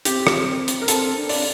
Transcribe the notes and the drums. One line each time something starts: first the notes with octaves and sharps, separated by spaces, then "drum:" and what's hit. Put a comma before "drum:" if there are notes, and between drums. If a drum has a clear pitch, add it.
C4 G4, drum: hi-hat
drum: rim click
drum: hi-hat
A#4
C4 A4, drum: hi-hat
D4
D5, drum: open hi-hat